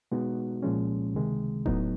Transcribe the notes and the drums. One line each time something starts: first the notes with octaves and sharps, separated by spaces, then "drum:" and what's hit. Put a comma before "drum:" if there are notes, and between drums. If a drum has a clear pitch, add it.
B2 G#3 B3 D#4 F#4
C2 A#2 F3 G#3 C#4
C#2 C3 D#3 G#3
A2 F#3 B3 D#4, drum: kick D#1